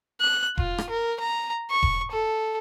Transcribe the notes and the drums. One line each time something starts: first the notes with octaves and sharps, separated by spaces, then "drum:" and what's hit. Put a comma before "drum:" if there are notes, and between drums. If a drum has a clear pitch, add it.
F#6
F4, drum: kick E1
drum: rim click
A#4
A#5
C#6
drum: kick E1
A4